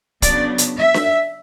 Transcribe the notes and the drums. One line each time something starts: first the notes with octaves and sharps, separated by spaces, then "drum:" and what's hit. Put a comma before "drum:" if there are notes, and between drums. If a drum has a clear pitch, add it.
C#3 F#3 B3 D4 D5, drum: kick, hi-hat
drum: hi-hat
E5
drum: snare D4